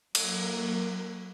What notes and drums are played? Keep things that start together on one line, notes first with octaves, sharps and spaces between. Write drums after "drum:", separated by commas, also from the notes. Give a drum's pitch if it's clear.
F#3 A#3, drum: cymbal